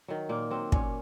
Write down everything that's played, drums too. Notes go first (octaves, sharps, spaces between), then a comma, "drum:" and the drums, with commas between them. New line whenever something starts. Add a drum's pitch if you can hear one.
D#3 F#3
A#2 A#3
F#3 C4
A#2 C#4, drum: kick